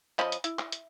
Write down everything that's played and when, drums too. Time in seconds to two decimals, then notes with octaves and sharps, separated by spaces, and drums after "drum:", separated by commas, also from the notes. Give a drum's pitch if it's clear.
0.19 F3 C#4 D#5 B5, drum: clap
0.32 drum: hi-hat
0.44 E4, drum: hi-hat
0.59 drum: clap
0.72 drum: hi-hat